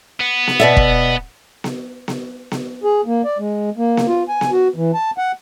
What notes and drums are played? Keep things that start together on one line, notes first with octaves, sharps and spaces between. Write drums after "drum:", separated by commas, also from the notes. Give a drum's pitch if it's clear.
B3
drum: snare B3
B2 D5 E5
drum: kick
drum: snare B3
drum: snare B3
drum: snare B3
G#4
A#3
D5
G#3
A#3
drum: snare B3
F4
G#5
drum: snare B3
F#4
E3
A5
F#5